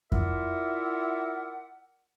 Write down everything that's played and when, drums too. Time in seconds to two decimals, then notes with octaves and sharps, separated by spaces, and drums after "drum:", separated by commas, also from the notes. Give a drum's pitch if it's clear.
0.12 E4 F4 A#4 D5 E5 F#5, drum: kick F2